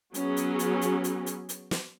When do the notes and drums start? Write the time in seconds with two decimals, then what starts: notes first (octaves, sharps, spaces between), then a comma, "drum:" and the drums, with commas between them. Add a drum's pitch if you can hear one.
0.14 F#3 B3 C#4 G#4, drum: hi-hat
0.37 drum: hi-hat
0.59 drum: hi-hat
0.81 drum: hi-hat
1.04 drum: hi-hat
1.26 drum: hi-hat
1.49 drum: hi-hat
1.71 drum: snare